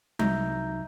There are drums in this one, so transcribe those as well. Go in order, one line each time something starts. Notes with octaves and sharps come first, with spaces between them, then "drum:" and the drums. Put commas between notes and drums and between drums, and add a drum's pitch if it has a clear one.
C2 F#3 D#4 E5 A#5 G6, drum: tom G3